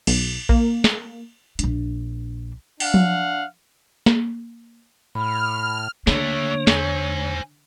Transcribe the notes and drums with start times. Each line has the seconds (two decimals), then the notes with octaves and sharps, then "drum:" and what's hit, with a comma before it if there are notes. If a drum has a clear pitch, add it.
0.07 B1, drum: cymbal
0.49 A#3, drum: kick A#1
0.84 drum: snare
1.59 A#1 D4, drum: hi-hat
2.80 D4 F5 F#5, drum: open hi-hat
2.94 drum: tom F3
4.06 A#3, drum: snare
5.15 A2 B5 F6
6.07 D3 A3 A#3 D4 C#5, drum: snare
6.67 E2 C5 G#5, drum: snare